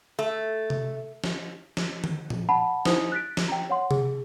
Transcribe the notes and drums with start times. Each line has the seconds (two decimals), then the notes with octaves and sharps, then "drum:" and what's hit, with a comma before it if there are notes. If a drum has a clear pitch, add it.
0.19 A3
0.70 drum: tom C3
1.24 drum: snare
1.77 drum: snare
2.04 drum: tom D#3
2.30 drum: tom
2.49 F#5 A5 B5
2.85 D#4 E4 C5 D#6, drum: snare
3.12 F#6 A6 B6 D7
3.37 drum: snare
3.49 G5 A#5
3.69 C#5 F#5 C6
3.91 G#4, drum: tom C3